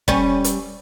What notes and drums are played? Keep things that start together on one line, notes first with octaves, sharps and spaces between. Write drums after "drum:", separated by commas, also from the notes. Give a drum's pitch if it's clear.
G3 C#4, drum: kick
drum: hi-hat